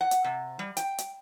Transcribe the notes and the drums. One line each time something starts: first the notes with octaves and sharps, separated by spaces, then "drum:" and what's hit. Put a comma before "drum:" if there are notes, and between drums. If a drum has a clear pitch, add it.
F#5
drum: hi-hat
C3
G3
G5, drum: hi-hat
drum: hi-hat